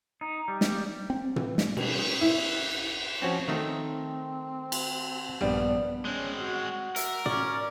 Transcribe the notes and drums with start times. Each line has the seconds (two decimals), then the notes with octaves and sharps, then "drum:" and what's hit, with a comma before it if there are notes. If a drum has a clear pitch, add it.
0.21 D#4
0.48 G3
0.61 drum: snare
1.10 C4
1.36 E3, drum: tom
1.58 G3, drum: snare
1.77 B2, drum: cymbal
2.21 E4
3.22 F3 C4 C#4 F#4
3.48 D#3 A3 C4 D#4
4.72 drum: cymbal
5.41 A#1 G2 G3 B3 D5
6.05 G#3 C4 C#4
6.38 F#4
6.96 A#4 E5, drum: hi-hat
7.26 C#4 D5, drum: tom